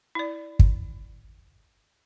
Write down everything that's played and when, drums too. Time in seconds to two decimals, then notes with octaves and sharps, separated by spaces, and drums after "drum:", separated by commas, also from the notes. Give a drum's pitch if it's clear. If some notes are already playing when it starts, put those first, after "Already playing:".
0.15 E4 D5
0.59 drum: kick